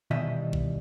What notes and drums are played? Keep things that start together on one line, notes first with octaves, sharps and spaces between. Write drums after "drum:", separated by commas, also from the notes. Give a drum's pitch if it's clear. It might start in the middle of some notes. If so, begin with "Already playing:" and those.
B2 D#3 E3 G3 D#5 E5
drum: kick A#1